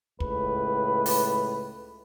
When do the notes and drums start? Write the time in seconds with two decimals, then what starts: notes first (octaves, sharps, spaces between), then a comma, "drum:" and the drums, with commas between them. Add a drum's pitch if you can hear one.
0.20 C#2 A2 B4, drum: kick
1.06 drum: open hi-hat